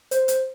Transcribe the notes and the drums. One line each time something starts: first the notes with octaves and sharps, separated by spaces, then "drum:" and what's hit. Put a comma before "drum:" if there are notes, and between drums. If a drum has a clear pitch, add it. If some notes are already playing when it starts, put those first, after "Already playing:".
C5, drum: hi-hat
drum: hi-hat